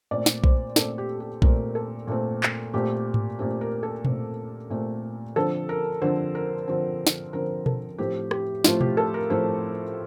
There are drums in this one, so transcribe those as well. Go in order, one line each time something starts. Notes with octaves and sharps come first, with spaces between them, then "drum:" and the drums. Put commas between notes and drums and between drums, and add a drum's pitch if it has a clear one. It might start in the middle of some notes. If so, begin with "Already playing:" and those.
A#2 A3 C4 D5
drum: snare
C5, drum: kick B1
A#2 A3 C4 A4, drum: snare
G4
G4
A#2 A3 C4 A#4, drum: kick B1
A4
A#2 A3 C4
drum: clap
A#2 A3 C4 G4
drum: tom G#2
A#2 A3 C4 G4
A#4
A4
A#2 A3 C4, drum: tom B2
A#2 A3 C4
D3 F3 C4 A4
A#4
D3 F3 C4 C5
A#4
D3 F3 C4
drum: snare
D3 F3 C4 A#4
A4, drum: tom B2
A2 F3 A3 C4 G4
G4, drum: rim click
A2 F3 A3 C4 F4, drum: snare
G4, drum: tom B2
A4
A#4
A2 F3 A3 C4 C5